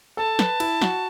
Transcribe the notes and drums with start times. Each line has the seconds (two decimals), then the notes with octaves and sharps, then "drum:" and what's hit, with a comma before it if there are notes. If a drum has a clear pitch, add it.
0.17 A4 A5
0.39 B4, drum: snare
0.60 E4, drum: cymbal
0.82 F#4, drum: snare